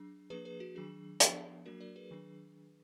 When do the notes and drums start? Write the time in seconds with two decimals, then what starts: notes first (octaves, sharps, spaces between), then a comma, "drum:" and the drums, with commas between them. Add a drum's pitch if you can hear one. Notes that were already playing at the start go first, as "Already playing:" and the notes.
Already playing: F#3 D4 G#4
0.30 F3 A#3 D4 G#4 B4
0.45 G#4 B4
0.60 F#4
0.75 D#3 F#3 D4 G#4
1.20 F3 B3 D4, drum: hi-hat
1.66 F#3 A#3 D4 F#4 A#4
1.80 A#4 D5
1.96 G#4 B4
2.11 D#3 F#3 D4